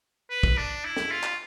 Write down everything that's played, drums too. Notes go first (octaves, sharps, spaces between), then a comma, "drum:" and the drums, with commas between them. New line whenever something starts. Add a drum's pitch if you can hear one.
B4
drum: kick
D4
E4
drum: snare
F4
drum: clap